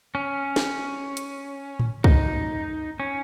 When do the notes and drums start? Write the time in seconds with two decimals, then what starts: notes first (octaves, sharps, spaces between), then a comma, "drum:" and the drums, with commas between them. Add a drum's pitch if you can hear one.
0.15 C#4
0.56 drum: snare
1.17 drum: hi-hat
1.79 drum: tom A2
2.04 D#4, drum: kick
3.00 C#4